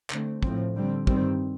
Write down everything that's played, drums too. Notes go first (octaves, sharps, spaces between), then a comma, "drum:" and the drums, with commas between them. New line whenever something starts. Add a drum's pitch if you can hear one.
D3 A3 C4, drum: clap
A2 F3 C4, drum: kick
D3 G3 C4
G2 D#3 G3 C4, drum: kick